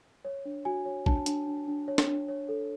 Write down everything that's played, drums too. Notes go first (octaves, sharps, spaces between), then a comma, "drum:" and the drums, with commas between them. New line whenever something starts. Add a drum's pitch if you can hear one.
C#5
D4
F#4 G#5
C#5
D4 A5, drum: kick
D4, drum: hi-hat
D4
D4
C#5
drum: snare
D4
C#5
A4